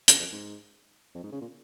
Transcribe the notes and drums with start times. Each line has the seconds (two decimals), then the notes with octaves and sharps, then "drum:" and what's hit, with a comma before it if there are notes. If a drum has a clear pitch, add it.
0.08 C#3, drum: hi-hat
0.19 F2
0.32 G#2
1.14 F2
1.24 G#2
1.32 C#3
1.41 A#2